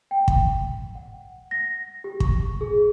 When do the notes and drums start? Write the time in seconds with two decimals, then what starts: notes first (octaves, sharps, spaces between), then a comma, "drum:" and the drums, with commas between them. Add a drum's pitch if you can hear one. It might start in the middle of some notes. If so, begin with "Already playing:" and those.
0.11 G5
0.28 drum: kick
0.95 F#5
1.51 A#6
2.04 G4
2.20 C#6, drum: kick
2.61 G#4